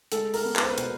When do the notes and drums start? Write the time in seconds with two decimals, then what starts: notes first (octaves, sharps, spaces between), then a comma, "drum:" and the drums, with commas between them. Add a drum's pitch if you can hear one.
0.12 G#3 A4, drum: hi-hat
0.34 A#4, drum: open hi-hat
0.45 B3
0.56 B4, drum: clap
0.63 C5
0.70 B4
0.78 B2, drum: hi-hat